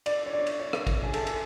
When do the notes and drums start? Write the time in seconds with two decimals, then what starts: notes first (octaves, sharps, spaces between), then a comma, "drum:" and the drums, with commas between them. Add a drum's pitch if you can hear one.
0.06 D5, drum: cymbal
0.26 C#5
0.33 D5
0.47 drum: cymbal
0.60 C#5
0.73 drum: rim click
0.87 drum: kick A1, cymbal
1.04 G#4
1.14 A4, drum: cymbal
1.27 drum: cymbal